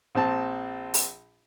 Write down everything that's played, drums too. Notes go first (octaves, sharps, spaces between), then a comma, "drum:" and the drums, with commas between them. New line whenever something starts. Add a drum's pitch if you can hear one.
A#1 C4 A5
drum: open hi-hat